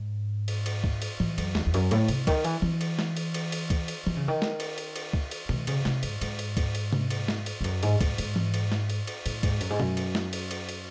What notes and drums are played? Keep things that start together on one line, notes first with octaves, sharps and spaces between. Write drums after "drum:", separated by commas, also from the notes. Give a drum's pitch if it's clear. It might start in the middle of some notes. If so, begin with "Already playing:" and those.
Already playing: G#2
drum: cymbal
drum: cymbal
drum: kick C#2
drum: cymbal
A2, drum: tom E3
F#2, drum: cymbal
E2, drum: snare
E2
F#2, drum: cymbal
A2, drum: cymbal
C3, drum: cymbal
D#3, drum: kick C#2, cymbal
E3, drum: cymbal
E3, drum: tom E3
drum: cymbal
drum: snare
drum: cymbal
drum: cymbal
drum: cymbal
drum: kick C#2, cymbal
drum: cymbal
D#3, drum: tom E3
C#3
D#3
drum: snare
drum: cymbal
drum: cymbal
drum: cymbal
drum: kick C#2
drum: cymbal
D#3, drum: tom B2
C#3, drum: cymbal
C3, drum: snare
G#2, drum: cymbal
G#2, drum: cymbal
drum: cymbal
drum: kick C#2, cymbal
drum: cymbal
drum: tom C3
drum: cymbal
drum: snare
drum: cymbal
G#2
F#2, drum: cymbal
G#2, drum: cymbal
G#2, drum: kick C#2, cymbal
G#2, drum: cymbal
drum: tom E3
drum: cymbal
drum: snare
drum: cymbal
drum: cymbal
A2, drum: cymbal
G#2, drum: kick C#2, cymbal
F#2, drum: cymbal
G#2
F#2, drum: tom B2
drum: cymbal
drum: snare
drum: cymbal
drum: cymbal
drum: cymbal